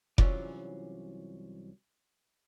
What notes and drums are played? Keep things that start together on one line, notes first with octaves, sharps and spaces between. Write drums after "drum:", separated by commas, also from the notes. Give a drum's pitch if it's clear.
C2 E3 F#3 C#4 F4 D5, drum: kick F1